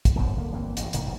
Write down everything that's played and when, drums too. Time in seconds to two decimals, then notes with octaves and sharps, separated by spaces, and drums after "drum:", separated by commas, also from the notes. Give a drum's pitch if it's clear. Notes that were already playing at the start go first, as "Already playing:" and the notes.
0.05 drum: kick, hi-hat
0.15 D1 C2 F#2 B3
0.36 D3 A#3
0.52 G1 E3 A#3 C4
0.77 A1 D2 G2, drum: hi-hat
0.93 F1 A2 D#3 A#3, drum: hi-hat
1.05 F1 B1 G#2